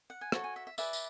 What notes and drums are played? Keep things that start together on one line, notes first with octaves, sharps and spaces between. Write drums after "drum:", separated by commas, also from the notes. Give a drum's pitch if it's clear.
F#5
G#5
F#4 A4 C#5 A5, drum: rim click
G#5
E5
E5
G#4 B4 D5 E5, drum: tambourine
drum: tambourine